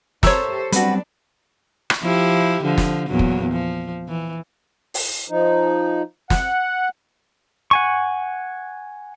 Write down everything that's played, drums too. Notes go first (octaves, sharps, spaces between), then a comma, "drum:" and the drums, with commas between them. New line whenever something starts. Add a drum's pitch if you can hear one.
G4 A4 A#4 C5 C#5 E5 C#6, drum: snare
F#3 G3 B3 C4 D4 F#4 B4, drum: hi-hat
drum: rim click
F3 E4 G4
D3 F3
drum: snare
E2 A#2 F#3
drum: kick
F3
E3
drum: open hi-hat
F3 D#4
F#5, drum: snare
F#5 G#5 C#6